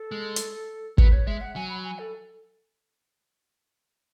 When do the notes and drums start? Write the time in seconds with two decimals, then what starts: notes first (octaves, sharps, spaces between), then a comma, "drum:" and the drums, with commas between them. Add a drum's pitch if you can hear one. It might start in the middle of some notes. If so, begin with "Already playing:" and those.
Already playing: A4
0.11 G#3
0.36 drum: hi-hat
0.98 F#3 B4, drum: kick
1.12 C#5
1.27 G#3 E5
1.41 F#5
1.55 F#3 G#5
1.70 B5
1.84 G#5
1.99 A4